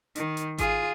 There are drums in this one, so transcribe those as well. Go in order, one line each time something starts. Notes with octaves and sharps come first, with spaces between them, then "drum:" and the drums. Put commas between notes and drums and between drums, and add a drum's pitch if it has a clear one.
D#3, drum: hi-hat
drum: hi-hat
F4 G#4, drum: kick G#1, hi-hat